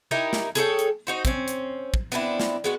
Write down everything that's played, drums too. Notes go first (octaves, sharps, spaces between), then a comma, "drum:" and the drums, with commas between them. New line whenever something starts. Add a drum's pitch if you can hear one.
D#4 E4 G4 A#4
drum: snare
G#4 A4 C#5 G5, drum: hi-hat
drum: hi-hat
D#4 F#4 C5
C4 C#4, drum: kick, hi-hat
drum: hi-hat
drum: kick
B3 C4 D4 E4
drum: snare
G#3 B3 F#4